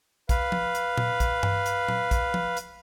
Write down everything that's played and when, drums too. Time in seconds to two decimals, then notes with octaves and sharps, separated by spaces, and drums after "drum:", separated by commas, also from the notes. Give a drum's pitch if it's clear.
0.29 B4 F5, drum: kick, hi-hat
0.52 drum: tom F3
0.75 drum: hi-hat
0.98 drum: tom A#2
1.20 drum: kick, hi-hat
1.43 drum: tom G2
1.66 drum: hi-hat
1.88 drum: tom A#2
2.11 drum: kick, hi-hat
2.34 drum: tom F3
2.57 drum: hi-hat